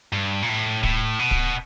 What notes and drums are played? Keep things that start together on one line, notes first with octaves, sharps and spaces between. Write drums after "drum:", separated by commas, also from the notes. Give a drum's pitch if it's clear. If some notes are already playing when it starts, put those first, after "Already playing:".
G2
A#2
A2
A2, drum: kick D1
B2
drum: kick D1